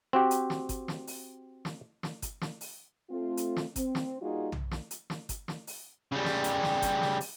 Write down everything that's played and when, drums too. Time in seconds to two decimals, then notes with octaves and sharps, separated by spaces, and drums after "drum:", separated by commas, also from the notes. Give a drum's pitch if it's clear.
0.13 C4 F#4 G4
0.31 drum: hi-hat
0.50 drum: snare
0.69 drum: kick G1, hi-hat
0.88 drum: snare
1.07 drum: open hi-hat
1.65 drum: snare
2.03 drum: snare
2.22 drum: kick G1, hi-hat
2.41 drum: snare
2.61 drum: open hi-hat
3.10 A3 C4 F4
3.37 drum: hi-hat
3.56 drum: snare
3.76 C4, drum: kick G1, hi-hat
3.95 drum: snare
4.21 G3 A#3 D#4 F4 F#4 G#4
4.52 drum: tom B1
4.71 drum: snare
4.91 drum: hi-hat
5.10 drum: snare
5.29 drum: kick G1, hi-hat
5.48 drum: snare
5.67 drum: open hi-hat
6.12 C#3 G3
6.25 drum: snare
6.44 drum: hi-hat
6.63 drum: snare
6.82 drum: kick G1, hi-hat
7.01 drum: snare
7.21 drum: open hi-hat